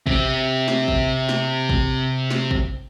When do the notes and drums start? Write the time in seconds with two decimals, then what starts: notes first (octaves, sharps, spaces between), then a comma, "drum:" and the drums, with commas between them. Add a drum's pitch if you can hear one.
0.07 C3 C4, drum: kick
0.68 drum: snare
0.88 drum: kick
1.29 drum: snare
1.69 drum: kick
2.30 drum: snare
2.51 drum: kick